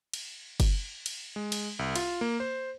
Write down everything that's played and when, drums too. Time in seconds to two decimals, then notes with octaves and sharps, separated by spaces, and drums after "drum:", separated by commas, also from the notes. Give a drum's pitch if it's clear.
0.13 drum: cymbal
0.60 drum: kick F#1, cymbal
1.06 drum: cymbal
1.36 G#3
1.52 drum: cymbal
1.79 C2
1.96 F4, drum: cymbal
2.21 A#3
2.40 C5